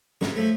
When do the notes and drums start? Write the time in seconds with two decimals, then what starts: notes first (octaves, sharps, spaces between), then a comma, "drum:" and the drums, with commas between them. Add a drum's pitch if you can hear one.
0.21 G#2 C#5, drum: snare
0.36 F3 A3